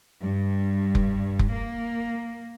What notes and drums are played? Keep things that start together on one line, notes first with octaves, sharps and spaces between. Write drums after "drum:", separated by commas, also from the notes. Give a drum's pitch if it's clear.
G2
drum: kick F1
drum: kick F1
A#3